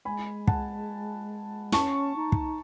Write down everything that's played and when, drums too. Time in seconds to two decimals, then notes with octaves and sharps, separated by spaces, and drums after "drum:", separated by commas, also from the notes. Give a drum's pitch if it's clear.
0.05 G#3 G#5 B5
0.47 F#5 A5, drum: kick
1.72 C#4 A5 C#6, drum: snare
2.15 D#4
2.32 drum: kick